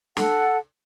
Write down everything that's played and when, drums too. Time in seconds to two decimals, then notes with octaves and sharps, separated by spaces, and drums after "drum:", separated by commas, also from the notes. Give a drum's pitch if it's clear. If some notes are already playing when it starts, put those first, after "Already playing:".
0.17 A4 F#5, drum: snare